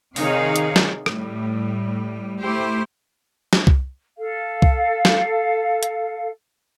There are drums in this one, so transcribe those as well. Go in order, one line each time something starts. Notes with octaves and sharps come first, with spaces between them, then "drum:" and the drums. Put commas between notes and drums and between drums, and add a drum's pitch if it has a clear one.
C3 D#3 D#4 G#4 C#5 F5, drum: open hi-hat
drum: hi-hat
drum: snare
A2 G3, drum: rim click
A3 E4 G4 C5
drum: snare
drum: kick C2
A4 F5
drum: kick C2
drum: snare
drum: hi-hat